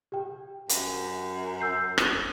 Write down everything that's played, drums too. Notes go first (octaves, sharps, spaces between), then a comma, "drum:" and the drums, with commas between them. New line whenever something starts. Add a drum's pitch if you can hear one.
G4 G5
F#2, drum: hi-hat
E6 G6 C7
drum: rim click